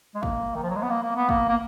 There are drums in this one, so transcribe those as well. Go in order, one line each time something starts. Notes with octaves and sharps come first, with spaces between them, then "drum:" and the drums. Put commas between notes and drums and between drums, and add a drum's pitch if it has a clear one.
G#3
A#3, drum: kick
D#3
F3
F#3
G#3
B3
A#3
A#3
B3
A#3, drum: kick
A#3